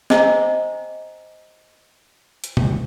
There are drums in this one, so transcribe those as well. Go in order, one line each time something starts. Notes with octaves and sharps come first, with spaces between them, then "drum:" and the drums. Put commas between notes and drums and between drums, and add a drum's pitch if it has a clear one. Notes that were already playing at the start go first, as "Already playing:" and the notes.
C5 D#5 G5 G#5 A#5 D6, drum: snare
drum: hi-hat
drum: tom C3